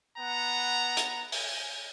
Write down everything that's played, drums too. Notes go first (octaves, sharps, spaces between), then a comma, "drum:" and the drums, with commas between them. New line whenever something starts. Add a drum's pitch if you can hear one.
B3 F#5 A#5
drum: hi-hat
drum: open hi-hat